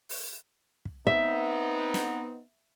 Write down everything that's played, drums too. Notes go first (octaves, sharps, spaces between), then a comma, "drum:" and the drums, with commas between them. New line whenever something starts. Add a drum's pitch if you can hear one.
drum: open hi-hat
drum: kick
B3 C4 D#4 E5, drum: kick
drum: snare